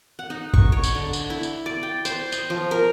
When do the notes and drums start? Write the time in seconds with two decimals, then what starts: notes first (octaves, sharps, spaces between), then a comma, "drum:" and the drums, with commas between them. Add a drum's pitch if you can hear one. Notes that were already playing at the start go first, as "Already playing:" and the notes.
0.19 F#5
0.30 D#4
0.54 C#6, drum: kick
0.72 C#5
0.83 drum: tambourine
0.95 D3
1.13 drum: tambourine
1.30 E4
1.43 drum: tambourine
1.66 D5
1.83 G5
2.05 C5, drum: tambourine
2.32 D#5, drum: tambourine
2.50 F3
2.71 A#4